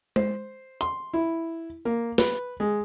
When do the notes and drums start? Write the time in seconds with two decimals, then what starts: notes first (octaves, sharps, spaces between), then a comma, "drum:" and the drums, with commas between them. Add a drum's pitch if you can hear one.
0.16 C5, drum: tom G#3
0.81 C6, drum: hi-hat
1.14 E4
1.85 A#3
2.18 B4, drum: snare
2.60 G#3